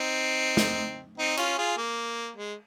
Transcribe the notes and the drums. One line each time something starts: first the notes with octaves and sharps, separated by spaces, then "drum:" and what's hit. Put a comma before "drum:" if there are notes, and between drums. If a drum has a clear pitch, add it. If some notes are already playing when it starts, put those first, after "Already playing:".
Already playing: C4 D#4
drum: snare
C4 D#4
C#4 F4, drum: cymbal
F4 G#4
A#3
G#3